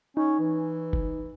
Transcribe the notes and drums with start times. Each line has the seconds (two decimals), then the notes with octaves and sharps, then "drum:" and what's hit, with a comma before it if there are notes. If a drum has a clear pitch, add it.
0.17 C#4 D#4
0.39 E3
0.93 drum: kick F#1